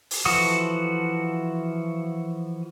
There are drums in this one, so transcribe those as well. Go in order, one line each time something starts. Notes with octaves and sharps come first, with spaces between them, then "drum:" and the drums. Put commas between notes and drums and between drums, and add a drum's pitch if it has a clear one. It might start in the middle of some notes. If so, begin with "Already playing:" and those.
drum: open hi-hat
E3 F3 F#4 A4 D#6